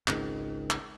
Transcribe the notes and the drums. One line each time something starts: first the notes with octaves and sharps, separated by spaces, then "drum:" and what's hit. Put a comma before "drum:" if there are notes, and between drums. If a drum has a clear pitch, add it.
G#1 C#2 G#2 D#3, drum: clap
drum: clap